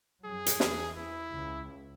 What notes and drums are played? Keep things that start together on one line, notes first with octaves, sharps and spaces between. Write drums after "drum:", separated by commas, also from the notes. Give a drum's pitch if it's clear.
F#2 F#3 G#4
drum: hi-hat
E2 E3, drum: snare
E4
C#2 C#3